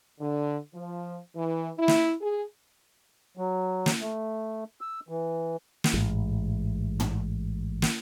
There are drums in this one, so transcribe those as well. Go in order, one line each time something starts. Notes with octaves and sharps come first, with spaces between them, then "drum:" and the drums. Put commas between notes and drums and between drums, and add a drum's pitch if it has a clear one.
D3
F3
E3
E4
drum: snare
G#4
F#3
drum: snare
A3
E6
E3
drum: snare
A1 G#2
drum: tom
drum: snare